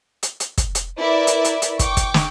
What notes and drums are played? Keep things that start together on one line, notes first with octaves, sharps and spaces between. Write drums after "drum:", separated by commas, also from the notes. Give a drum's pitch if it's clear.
drum: hi-hat
drum: hi-hat
drum: kick, hi-hat
drum: hi-hat
E4 A#4 B4 D5 E5
drum: hi-hat
drum: hi-hat
drum: hi-hat
G5 C#6 D6, drum: kick, hi-hat
drum: kick, hi-hat
drum: snare